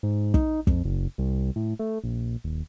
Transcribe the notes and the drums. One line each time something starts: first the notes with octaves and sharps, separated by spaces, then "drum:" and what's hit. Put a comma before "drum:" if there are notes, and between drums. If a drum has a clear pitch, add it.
G#2
D#4, drum: kick
F2, drum: kick
F#1
C2
A2
A3
A#1
D#1